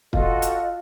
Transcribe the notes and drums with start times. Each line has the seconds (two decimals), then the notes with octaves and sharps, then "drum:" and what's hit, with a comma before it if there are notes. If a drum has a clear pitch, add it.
0.13 F4 F#4 A4 D#5, drum: kick
0.42 drum: hi-hat